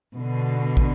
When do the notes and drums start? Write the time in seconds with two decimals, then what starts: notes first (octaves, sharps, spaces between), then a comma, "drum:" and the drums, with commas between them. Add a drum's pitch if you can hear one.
0.15 B2 D3
0.77 drum: kick